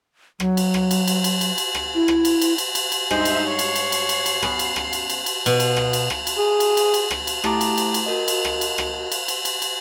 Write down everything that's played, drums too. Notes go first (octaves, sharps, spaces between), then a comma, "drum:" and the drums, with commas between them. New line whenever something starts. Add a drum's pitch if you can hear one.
F#3, drum: rim click
drum: cymbal
drum: rim click
drum: cymbal
drum: cymbal
drum: cymbal
drum: cymbal
drum: cymbal
drum: rim click
E4
drum: rim click
drum: cymbal
drum: cymbal
drum: cymbal
drum: cymbal
drum: cymbal
G2 G#3 D#4 C5 E5, drum: rim click
drum: cymbal
C#5 C7
drum: cymbal
drum: cymbal
drum: cymbal
drum: cymbal
drum: cymbal
B3 C#4, drum: rim click
drum: cymbal
drum: rim click
drum: cymbal
drum: cymbal
drum: cymbal
B2, drum: cymbal
drum: cymbal
drum: rim click
drum: cymbal
drum: rim click
drum: cymbal
G#4
drum: cymbal
drum: cymbal
drum: cymbal
drum: rim click
drum: cymbal
A3 E4 G4 A5 A#5 D6, drum: rim click
drum: cymbal
drum: cymbal
drum: cymbal
F#4 A#4 D#5
drum: cymbal
drum: rim click
drum: cymbal
drum: rim click
drum: cymbal
drum: cymbal
drum: cymbal
drum: cymbal